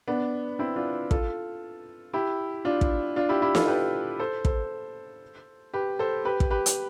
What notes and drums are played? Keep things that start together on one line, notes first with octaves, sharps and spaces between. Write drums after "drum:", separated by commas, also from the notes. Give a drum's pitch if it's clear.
B3 D4
C4 E4
D4 F4
F4 A4, drum: kick
E4 G4
D4 F4
drum: kick
D4 F4
E4 G4
E4 G4
F4 A4, drum: snare
G4 B4
A4 C5
A4 C5, drum: kick
G4 B4
A4 C5
G4 B4
drum: kick
G4 B4
drum: hi-hat